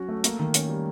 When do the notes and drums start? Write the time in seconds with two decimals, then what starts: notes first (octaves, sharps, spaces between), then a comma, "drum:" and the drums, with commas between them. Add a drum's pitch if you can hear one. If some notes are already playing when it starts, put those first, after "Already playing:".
Already playing: F#3 C#4 F#4
0.09 A3
0.24 A#3, drum: hi-hat
0.39 D#3
0.54 C#4, drum: hi-hat
0.69 G3